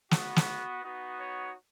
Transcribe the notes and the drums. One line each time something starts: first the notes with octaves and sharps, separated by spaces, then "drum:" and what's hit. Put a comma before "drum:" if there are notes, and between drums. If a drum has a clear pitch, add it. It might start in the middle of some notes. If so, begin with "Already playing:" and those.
B3 F#4, drum: snare
drum: snare
B3 D#4 F#4
C#5